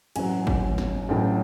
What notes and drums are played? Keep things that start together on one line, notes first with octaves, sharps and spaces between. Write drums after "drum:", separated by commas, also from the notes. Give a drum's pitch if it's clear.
A1 A2 F#3 G#5, drum: cymbal
drum: kick G#1
drum: snare
A1 A2 F#3 G5